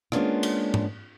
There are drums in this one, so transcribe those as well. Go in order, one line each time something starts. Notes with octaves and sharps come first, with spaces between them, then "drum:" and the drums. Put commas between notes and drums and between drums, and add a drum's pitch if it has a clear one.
G#3 A#3 B3 C#4 D4 F4, drum: rim click
drum: cymbal
drum: tom G#2